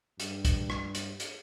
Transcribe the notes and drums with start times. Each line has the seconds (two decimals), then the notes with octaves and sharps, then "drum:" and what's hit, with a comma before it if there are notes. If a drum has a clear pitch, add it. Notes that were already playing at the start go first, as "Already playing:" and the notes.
0.20 G2, drum: hi-hat
0.45 drum: kick, hi-hat
0.70 drum: rim click
0.95 drum: hi-hat
1.20 drum: hi-hat